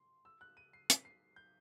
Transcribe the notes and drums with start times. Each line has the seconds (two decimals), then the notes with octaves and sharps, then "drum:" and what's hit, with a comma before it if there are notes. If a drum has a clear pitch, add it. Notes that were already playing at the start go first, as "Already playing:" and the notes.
Already playing: C6
0.25 E6
0.41 F#6
0.57 D#7
0.73 C7
0.90 B6, drum: hi-hat
1.05 C7
1.36 G6